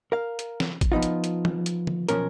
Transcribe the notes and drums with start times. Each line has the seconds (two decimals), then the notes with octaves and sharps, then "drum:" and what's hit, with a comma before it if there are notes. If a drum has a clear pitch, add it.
0.12 A#4 F5
0.39 drum: hi-hat
0.60 drum: snare
0.81 drum: kick, hi-hat
0.92 F3 B3 D#4 F4
1.03 drum: hi-hat
1.24 drum: hi-hat
1.45 drum: tom
1.66 drum: hi-hat
1.87 drum: tom
2.09 B1 F2 F3 C#4 A#4, drum: hi-hat